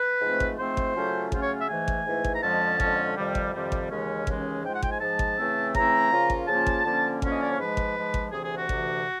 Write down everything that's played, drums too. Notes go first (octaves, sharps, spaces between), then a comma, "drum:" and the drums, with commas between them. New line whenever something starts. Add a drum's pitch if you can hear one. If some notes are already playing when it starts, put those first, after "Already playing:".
Already playing: B4
G#2 F3 A3 C4
drum: kick G#1
G#2 F3 A3 C4 C5
drum: kick G#1
C#3 F#3 A3 C#4 F4
C#3 F#3 A3 C#4 F4 C5, drum: kick G#1
C#5
E5
G#2 E3 A3 G#5
drum: kick G#1
G#2 E3 A3
drum: kick G#1
A#5
F2 D3 F3 G#3 C#4 A5
F2 D3 F3 G#3 C#4, drum: kick G#1
F2 C3 D#3 G3
drum: kick G#1
F2 C3 D#3 G3
drum: kick G#1
D#2 C#3 E3 G#3 C#4
D#2 C#3 E3 G#3 C#4, drum: kick G#1
G#2 F3 G#3 G5
F#5
G5, drum: kick G#1
G#5
G#2 F3 G#3 A5
drum: kick G#1
C#3 E3 A3 C4 E4
C#3 E3 A3 C4 E4 A#5, drum: kick G#1
C#3 F3 A#3 C#4 F4
drum: kick G#1
C#3 F3 A#3 C#4 F4 A5
drum: kick G#1
D3 F3 A#3 C#4
D3 F3 A#3 C#4, drum: kick G#1
D#5
D5
C#5
G#2 F3 G#3 B4
drum: kick G#1
G#2 F3 G#3
drum: kick G#1
D2 C3 E3 G#4
G#4
F#4
D2 C3 E3, drum: kick G#1